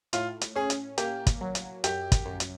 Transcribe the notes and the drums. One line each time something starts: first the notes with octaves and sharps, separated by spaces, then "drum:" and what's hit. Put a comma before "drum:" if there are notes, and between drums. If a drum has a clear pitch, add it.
A2 F4, drum: hi-hat
drum: hi-hat
C#4 G#4
drum: hi-hat
A#3 G4, drum: hi-hat
drum: kick, hi-hat
F#3
drum: hi-hat
F#2 G4, drum: hi-hat
drum: kick, hi-hat
F#2
drum: hi-hat